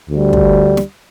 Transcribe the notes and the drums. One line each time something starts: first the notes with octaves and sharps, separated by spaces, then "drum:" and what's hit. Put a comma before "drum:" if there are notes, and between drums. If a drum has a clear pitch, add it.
D2 D3 G3
drum: kick
drum: snare